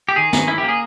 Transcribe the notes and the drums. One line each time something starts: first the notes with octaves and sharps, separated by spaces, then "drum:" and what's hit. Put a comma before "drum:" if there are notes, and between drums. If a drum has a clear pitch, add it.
G4
D#3 G#4
D#3, drum: snare
C#4 E4
A#3 G4
G#4